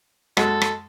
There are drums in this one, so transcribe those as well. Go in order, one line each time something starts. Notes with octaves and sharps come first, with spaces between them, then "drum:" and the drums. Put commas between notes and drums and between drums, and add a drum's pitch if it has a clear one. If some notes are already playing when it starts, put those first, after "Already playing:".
F#2 G#3 F#4 A4, drum: rim click
drum: rim click